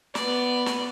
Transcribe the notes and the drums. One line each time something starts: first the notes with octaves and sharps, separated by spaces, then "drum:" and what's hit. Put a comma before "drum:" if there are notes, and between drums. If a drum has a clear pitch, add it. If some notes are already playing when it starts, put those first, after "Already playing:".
B3 D5, drum: snare
drum: snare